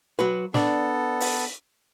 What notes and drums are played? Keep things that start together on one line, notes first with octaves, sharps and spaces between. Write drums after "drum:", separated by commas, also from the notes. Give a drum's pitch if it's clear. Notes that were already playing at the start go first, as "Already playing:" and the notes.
F#3 F#4 B4
B3 D4 A4 D5, drum: snare
drum: open hi-hat